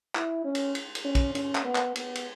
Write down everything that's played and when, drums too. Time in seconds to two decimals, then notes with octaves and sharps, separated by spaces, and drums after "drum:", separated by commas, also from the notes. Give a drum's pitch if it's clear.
0.15 E4, drum: clap
0.45 C#4
0.55 drum: cymbal
0.75 drum: cymbal
0.95 drum: cymbal
1.05 C#4
1.15 drum: kick, cymbal
1.35 C#4, drum: cymbal
1.55 drum: clap
1.65 B3
1.75 drum: clap
1.96 B3, drum: cymbal
2.15 drum: cymbal